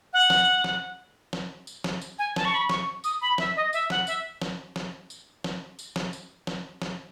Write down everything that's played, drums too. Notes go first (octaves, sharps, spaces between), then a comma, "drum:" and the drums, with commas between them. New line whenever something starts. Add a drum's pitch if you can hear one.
F#5
drum: snare
drum: snare
drum: snare
drum: tambourine
drum: snare
drum: tambourine
G#5
A5, drum: snare
C#6
B5
C#6, drum: snare
D#6, drum: tambourine
B5
E5, drum: snare
D#5
E5, drum: tambourine
F#5, drum: snare
E5, drum: tambourine
drum: snare
drum: snare
drum: tambourine
drum: snare
drum: tambourine
drum: snare
drum: tambourine
drum: snare
drum: snare